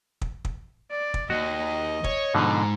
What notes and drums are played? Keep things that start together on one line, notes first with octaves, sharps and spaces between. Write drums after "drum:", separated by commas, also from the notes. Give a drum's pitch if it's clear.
drum: kick
drum: kick
D5
drum: kick
D#2 F#4 D#5
C#5, drum: kick
G#2 B2 D3 F3 D#4